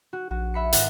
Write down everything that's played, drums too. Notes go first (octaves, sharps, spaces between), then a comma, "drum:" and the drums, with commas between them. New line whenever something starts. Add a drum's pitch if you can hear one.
F#4
A#1 F#4
E5 B5 C#7
G#1 F#5 B6, drum: hi-hat